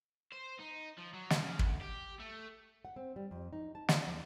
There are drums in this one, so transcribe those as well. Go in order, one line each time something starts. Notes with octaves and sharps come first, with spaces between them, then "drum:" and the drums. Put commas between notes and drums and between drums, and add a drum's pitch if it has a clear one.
C5
D#4
F3
F#3
C2, drum: snare
C#3
D2, drum: kick
G4
A3
F#5
C4
G3
F2
D#4
A5
D5, drum: snare
D#2